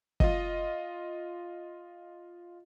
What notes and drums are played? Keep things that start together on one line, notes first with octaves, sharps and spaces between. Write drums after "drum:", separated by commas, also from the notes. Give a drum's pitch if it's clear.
F4 D#5, drum: kick F#1